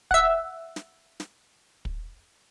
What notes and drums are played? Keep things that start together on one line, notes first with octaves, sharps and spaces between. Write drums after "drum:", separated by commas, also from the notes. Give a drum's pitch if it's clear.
E5 F#5, drum: kick
drum: snare
drum: snare
drum: kick